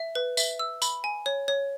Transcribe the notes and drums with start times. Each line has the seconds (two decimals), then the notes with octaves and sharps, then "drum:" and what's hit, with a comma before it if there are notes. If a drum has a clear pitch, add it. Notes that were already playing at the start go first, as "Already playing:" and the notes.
Already playing: E5
0.15 B4
0.37 E5, drum: tambourine
0.59 E6
0.82 B5, drum: tambourine
1.04 G#5
1.26 C#5
1.48 C#5